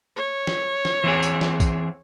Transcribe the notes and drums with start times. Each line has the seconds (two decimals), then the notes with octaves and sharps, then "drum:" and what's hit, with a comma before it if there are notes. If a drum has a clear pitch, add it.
0.16 C#5
0.47 drum: snare
0.85 drum: snare
1.04 E3 C4 G#4
1.23 drum: tambourine
1.41 drum: snare
1.60 drum: kick B1, tambourine